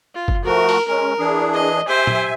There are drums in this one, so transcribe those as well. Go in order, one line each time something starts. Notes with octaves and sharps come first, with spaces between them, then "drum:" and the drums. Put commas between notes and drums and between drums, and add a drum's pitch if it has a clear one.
F4
drum: kick F#1
F3 A3 F#4 A#4
drum: open hi-hat
G#3 C#4 A#4
E3 D4 G#4
D#5
G4 C5 E5 G#5
drum: tom